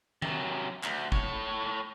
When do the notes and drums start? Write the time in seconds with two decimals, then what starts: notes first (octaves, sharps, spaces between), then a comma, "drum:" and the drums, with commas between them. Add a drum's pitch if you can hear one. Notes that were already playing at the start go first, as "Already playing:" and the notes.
0.22 C3 F#3, drum: tom D#3
0.84 D2, drum: clap
1.12 A2 C#5, drum: kick